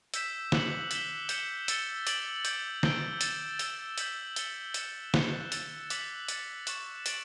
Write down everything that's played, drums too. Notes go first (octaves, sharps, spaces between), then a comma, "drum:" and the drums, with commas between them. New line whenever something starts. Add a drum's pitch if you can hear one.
E6 G6 B6 E7, drum: hi-hat
D6 F#6 C#7 F#7, drum: snare
F#6 B6 E7 G7, drum: hi-hat
G6 C#7 E7 G7, drum: hi-hat
E6 A6 C#7 G7, drum: hi-hat
D6 A6 D7 F#7, drum: hi-hat
D6 G6 D7, drum: hi-hat
E6 G6 D7 G7, drum: snare
A6 E7 G7, drum: hi-hat
E6 A6 E7 G7, drum: hi-hat
E6 G6 B6 F#7, drum: hi-hat
A6 C#7 G7, drum: hi-hat
F#6 C#7 E7 G7, drum: hi-hat
F#6 C#7 E7 G7, drum: snare
E6 A6 E7, drum: hi-hat
D6 F#6 B6 F#7, drum: hi-hat
D6 A6 C#7, drum: hi-hat
C#6 F#6 A6 E7, drum: hi-hat
A6 D7 F#7, drum: hi-hat